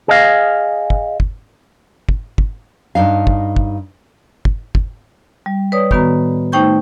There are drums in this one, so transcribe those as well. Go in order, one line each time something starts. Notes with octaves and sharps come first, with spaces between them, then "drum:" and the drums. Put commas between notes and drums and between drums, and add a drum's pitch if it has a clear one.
G#4 D#5 F5
drum: kick
drum: kick
drum: kick
drum: kick
G2 D#4 F5
drum: kick
drum: kick
drum: kick
drum: kick
G3
B4 C#5 D5 D#6
A2 D#3 B3 F#4 B4 A#5, drum: kick
A3 D#4 C5 G5 C#6 G6